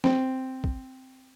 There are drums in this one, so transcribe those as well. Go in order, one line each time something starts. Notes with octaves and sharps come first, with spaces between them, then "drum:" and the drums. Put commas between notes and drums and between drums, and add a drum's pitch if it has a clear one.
C4, drum: snare
drum: kick